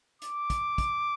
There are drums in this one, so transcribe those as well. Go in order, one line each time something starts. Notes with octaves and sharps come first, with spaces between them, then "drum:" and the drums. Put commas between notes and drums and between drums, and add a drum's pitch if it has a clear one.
D6, drum: hi-hat
drum: kick, hi-hat
drum: kick, hi-hat